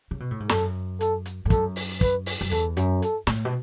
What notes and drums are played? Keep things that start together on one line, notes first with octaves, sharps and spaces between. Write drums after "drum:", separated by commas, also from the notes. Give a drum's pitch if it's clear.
C#3
B2
A2
G#2
F#2 A4, drum: snare
A4, drum: hi-hat
drum: hi-hat
G#2
F#2 A4, drum: kick, hi-hat
drum: open hi-hat
B4, drum: kick, hi-hat
drum: open hi-hat
F#2
E2 A4, drum: hi-hat
F#2, drum: hi-hat
A4, drum: hi-hat
A2, drum: snare
B2